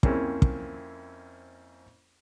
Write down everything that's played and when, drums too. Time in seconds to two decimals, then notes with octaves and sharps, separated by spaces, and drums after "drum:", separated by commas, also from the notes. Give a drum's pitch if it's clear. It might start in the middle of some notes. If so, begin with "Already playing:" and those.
0.03 F2 A#3 C4 C#4 E4, drum: kick
0.42 drum: kick